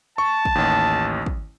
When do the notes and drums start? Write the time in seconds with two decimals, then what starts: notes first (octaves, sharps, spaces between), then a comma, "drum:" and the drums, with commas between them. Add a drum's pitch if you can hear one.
0.18 A5 C#6
0.45 drum: kick
0.55 A1 D#2
1.26 drum: kick